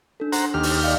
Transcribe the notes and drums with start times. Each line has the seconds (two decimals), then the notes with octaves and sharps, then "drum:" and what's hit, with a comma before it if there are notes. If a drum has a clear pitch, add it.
0.20 D4 A4
0.32 C5 F#5 A#5, drum: hi-hat
0.54 D#2 G4 F6
0.63 drum: open hi-hat
0.84 D5 D#5 F5